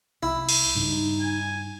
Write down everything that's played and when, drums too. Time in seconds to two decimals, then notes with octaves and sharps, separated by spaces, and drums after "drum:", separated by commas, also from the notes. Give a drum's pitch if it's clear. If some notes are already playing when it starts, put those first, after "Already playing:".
0.23 C2 E4
0.49 drum: cymbal
0.75 G2 C#3 G3 D#4
1.21 G#5